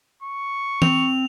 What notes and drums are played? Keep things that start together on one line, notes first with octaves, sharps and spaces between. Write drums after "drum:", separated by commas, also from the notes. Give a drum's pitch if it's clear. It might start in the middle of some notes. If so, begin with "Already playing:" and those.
C#6
C4 F7, drum: tom